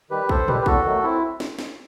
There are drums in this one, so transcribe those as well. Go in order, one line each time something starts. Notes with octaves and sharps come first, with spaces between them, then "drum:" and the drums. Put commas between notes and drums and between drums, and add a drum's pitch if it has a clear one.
D#3 G3 G4 B4
D#2 A4 C5, drum: kick
D#3 G3 G4 B4, drum: tom
B4
E2 F#4 A4, drum: kick
D#3 F#3 A3
C4 E4
drum: snare
drum: snare